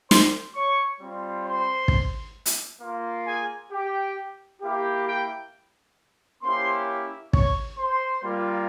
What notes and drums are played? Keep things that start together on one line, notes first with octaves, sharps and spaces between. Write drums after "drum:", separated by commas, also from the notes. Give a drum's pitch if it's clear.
C5 C6, drum: snare
C#5 C#6
G3 C4 F4
C5 C6
drum: kick
drum: hi-hat
A#3 F4
G#4 G#5
G4 G5
A#3 E4 G4
G4 G5
A#3 C#4 E4 G4 C5 C6
C#5 C#6, drum: kick
C5 C6
G3 A#3 F4